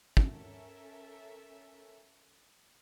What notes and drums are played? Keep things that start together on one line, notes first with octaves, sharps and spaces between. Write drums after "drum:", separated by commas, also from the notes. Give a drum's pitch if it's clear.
C#4 A4 A#4 E5, drum: kick